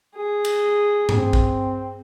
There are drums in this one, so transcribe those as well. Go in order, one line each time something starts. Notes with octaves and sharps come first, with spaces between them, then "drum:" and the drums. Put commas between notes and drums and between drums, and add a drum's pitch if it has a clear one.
G#4
drum: cymbal
C4, drum: tom G2
drum: kick